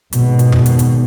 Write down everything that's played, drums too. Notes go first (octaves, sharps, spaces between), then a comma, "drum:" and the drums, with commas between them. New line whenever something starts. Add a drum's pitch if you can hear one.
G#1 B2, drum: hi-hat
drum: hi-hat
drum: tom F2
drum: hi-hat
drum: hi-hat